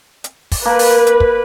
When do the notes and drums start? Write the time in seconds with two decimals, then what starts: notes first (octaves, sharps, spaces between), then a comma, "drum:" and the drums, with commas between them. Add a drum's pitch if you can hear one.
0.24 drum: hi-hat
0.52 drum: kick, open hi-hat
0.65 A#3 A#4 B4
0.79 drum: open hi-hat
1.07 drum: hi-hat
1.20 drum: kick